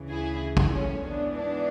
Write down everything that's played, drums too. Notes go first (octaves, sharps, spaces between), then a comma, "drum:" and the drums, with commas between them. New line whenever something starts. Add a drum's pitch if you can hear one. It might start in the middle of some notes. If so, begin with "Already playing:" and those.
Already playing: D2 C#3 E3
E4 G#4
drum: kick
A3 C#4
G#2 E3 B3 D4
B3 D4